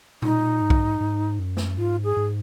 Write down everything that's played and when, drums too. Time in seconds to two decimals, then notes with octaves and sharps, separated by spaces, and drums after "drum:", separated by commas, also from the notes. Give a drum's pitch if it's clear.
0.22 A#2 D#4, drum: tom B2
0.61 G#2
0.70 drum: kick B1
1.00 G#2
1.39 F#2
1.57 drum: snare
1.78 G#2 F4
2.04 G#4
2.17 G#2